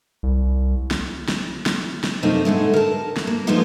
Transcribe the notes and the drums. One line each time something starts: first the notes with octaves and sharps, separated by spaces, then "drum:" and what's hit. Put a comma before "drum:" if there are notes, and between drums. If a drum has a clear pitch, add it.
C2
drum: snare
drum: snare
drum: snare
drum: snare
F#2 C3 A3 A#3 C4 D#4
A2 D3 G#3 A3
A#4 A5
drum: snare
A#3
F3 G#3 A3 B3 D#4 F4